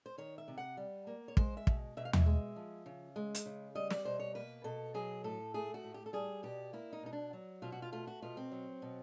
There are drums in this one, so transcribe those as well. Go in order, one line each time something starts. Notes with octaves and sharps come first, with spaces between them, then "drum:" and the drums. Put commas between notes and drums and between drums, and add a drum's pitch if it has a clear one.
C5
D#3 C#5
E5
C3
F#5
G3
A#3
C#5
G#3 C5, drum: kick
E5
B2, drum: kick
B2 E5
F5
E5, drum: tom
G#3
F3
C#3
G#3
drum: hi-hat
C#3
G3 D#5
D5, drum: snare
B2 C5
C#5
A#3 B4
B2 A4
F#3 G#4
A2 A4
A3 G#4
F#4
A2
G4
A4
G3 G#4
B2 G4
A#3 E4
D#4
B2 D#4
D4
F#3
B2 F4
F#4
F4
A3 F4
F#4
B2 F4
C4
F#3
B2